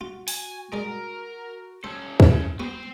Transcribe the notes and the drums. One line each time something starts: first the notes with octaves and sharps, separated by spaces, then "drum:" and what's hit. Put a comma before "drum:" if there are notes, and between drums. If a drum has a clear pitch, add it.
F4 F#4
G#5, drum: open hi-hat
G#3 A#4 D5
C#4 A4 C5
drum: kick
B3 C4 F#4 C5